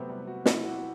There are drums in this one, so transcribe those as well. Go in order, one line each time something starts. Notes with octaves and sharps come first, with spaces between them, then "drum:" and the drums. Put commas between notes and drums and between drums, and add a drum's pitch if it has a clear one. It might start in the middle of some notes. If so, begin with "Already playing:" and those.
Already playing: C3 F#3 A3 B3 C4 B4
G3 G4
F#4
E4, drum: snare
F#4